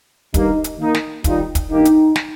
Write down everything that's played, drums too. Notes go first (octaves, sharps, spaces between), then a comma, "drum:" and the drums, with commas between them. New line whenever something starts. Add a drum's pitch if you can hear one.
G2 D#3 A#3 D#4, drum: kick, hi-hat
drum: hi-hat
D#3 A#3 D#4
drum: snare
D#3 G3 D#4 F4, drum: kick, hi-hat
drum: kick, hi-hat
G2 D#3 A#3 D#4 G4
drum: hi-hat
drum: snare